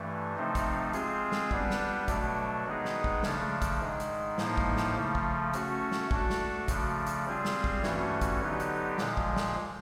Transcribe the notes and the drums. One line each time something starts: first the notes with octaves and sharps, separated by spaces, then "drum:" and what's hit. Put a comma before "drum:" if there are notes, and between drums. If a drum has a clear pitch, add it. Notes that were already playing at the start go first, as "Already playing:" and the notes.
Already playing: G2 E3 A3
C3 F3 A3 C4 D#4
drum: kick, hi-hat
G#3 C4 F4 G#4, drum: hi-hat
drum: snare
G3 B3 D4, drum: kick
drum: snare
B2 F#3 A3 D4, drum: kick, hi-hat
D#3 G#3 B3 D#4 G#4
drum: snare
drum: kick
C#3 F3 A3 D4, drum: snare
drum: kick, hi-hat
G#2 D#3 G#3
drum: hi-hat
A2 F3 A#3 D#4, drum: snare
drum: kick
drum: snare
C#3 F3 A3
drum: kick
A3 C#4 F#4, drum: hi-hat
drum: snare
A3 D4 F#4 A4, drum: kick
drum: snare
C#3 F3 A3 D4, drum: kick, hi-hat
drum: hi-hat
G3 C4 F4 G#4
drum: snare
drum: kick
G2 E3 A3 C#4 F#4, drum: snare
drum: kick, hi-hat
D3 F#3 B3 D#4 G4
drum: hi-hat
A#2 F3 G#3, drum: snare
drum: kick
drum: snare